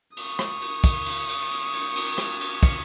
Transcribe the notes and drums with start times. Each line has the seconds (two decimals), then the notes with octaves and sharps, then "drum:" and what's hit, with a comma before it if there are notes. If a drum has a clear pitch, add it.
0.17 C#6 D#6, drum: cymbal
0.39 drum: rim click
0.61 drum: cymbal
0.84 drum: kick, cymbal
1.06 drum: cymbal
1.28 drum: cymbal
1.51 drum: cymbal
1.73 drum: cymbal
1.96 drum: cymbal
2.18 drum: rim click
2.40 drum: cymbal
2.63 drum: kick, cymbal